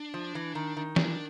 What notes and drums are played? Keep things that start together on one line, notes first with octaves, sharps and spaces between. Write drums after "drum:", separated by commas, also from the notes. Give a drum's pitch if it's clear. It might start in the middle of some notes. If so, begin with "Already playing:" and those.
Already playing: D4
F3
E3
D#3
D#3
D4, drum: snare